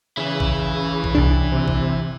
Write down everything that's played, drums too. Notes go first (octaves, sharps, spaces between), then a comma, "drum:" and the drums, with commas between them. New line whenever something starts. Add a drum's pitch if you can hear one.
C#3 E3 E4
drum: kick
drum: kick
C2 D4
C3
drum: kick